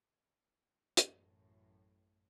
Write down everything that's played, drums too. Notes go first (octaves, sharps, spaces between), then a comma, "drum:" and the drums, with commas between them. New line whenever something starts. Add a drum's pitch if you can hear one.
A1 F#2 A2, drum: hi-hat